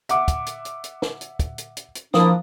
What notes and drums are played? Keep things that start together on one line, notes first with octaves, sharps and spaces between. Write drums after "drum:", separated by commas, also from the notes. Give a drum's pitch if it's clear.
E5 F#5 D6, drum: hi-hat
drum: kick, hi-hat
drum: hi-hat
drum: hi-hat
drum: hi-hat
drum: snare
drum: hi-hat
drum: kick, hi-hat
drum: hi-hat
drum: hi-hat
drum: hi-hat
F3 A#3 D4 E4 D#6, drum: snare